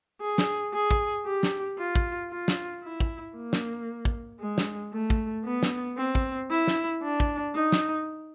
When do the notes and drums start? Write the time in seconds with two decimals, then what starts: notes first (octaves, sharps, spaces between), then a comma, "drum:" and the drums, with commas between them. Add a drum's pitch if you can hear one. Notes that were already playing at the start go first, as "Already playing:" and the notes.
0.21 G#4
0.38 drum: snare
0.73 G#4
0.91 drum: kick
1.26 G4
1.43 drum: snare
1.78 F4
1.96 drum: kick
2.30 F4
2.48 drum: snare
2.83 E4
3.00 drum: kick
3.36 A#3
3.53 drum: snare
4.05 drum: kick
4.40 G#3
4.58 drum: snare
4.93 A3
5.10 drum: kick
5.45 B3
5.63 drum: snare
5.98 C4
6.15 drum: kick
6.50 E4
6.68 drum: snare
7.03 D4
7.20 drum: kick
7.55 D#4
7.72 drum: snare